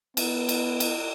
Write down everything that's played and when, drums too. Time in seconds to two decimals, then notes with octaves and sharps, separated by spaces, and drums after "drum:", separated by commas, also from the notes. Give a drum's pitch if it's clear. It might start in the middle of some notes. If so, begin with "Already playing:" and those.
0.17 B3, drum: cymbal
0.49 drum: cymbal
0.80 drum: cymbal